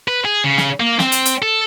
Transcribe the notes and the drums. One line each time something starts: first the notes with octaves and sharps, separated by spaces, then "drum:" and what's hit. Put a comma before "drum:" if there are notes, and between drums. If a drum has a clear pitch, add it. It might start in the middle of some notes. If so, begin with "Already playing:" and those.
B4
G#4
C#3
drum: snare
A#3
C4, drum: snare
drum: hi-hat
drum: hi-hat
A4